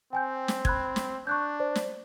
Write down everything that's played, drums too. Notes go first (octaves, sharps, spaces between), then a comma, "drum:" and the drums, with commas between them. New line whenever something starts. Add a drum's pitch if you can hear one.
C4 G5 G#5 G6
drum: snare
B5 F#6 G#6, drum: kick
drum: snare
D4 C#6 F#6 G6
C5 D5
drum: snare